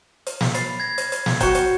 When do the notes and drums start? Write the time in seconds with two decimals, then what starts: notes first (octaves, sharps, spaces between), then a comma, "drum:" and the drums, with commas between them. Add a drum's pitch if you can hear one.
0.26 drum: hi-hat
0.41 drum: snare
0.54 B5 A6 C7, drum: hi-hat
0.80 G#6 A#6
0.98 drum: hi-hat
1.12 drum: hi-hat
1.26 drum: snare
1.40 F#4 G5 A#5 C#7, drum: kick F1, hi-hat
1.55 drum: hi-hat